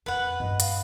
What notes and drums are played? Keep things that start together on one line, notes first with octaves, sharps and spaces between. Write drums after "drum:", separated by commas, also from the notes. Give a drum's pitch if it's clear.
F2 B4 F#5
G2 A3 D#5
F5, drum: hi-hat